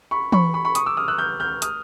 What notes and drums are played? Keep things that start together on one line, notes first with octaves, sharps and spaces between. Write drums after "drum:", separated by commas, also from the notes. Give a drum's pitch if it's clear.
B5 C#6
B5 C#6, drum: tom E3
B5 C#6
B5 C#6
C#6 D#6, drum: hi-hat
D6 E6
D#6 F6
E6 F#6
F6 G6
F6 G6
D#6 F6, drum: hi-hat